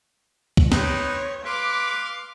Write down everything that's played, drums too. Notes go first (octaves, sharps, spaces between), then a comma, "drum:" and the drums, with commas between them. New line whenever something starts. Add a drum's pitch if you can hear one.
drum: kick
C4 D#4 B4 C#5, drum: snare
B4 F5 C6 D6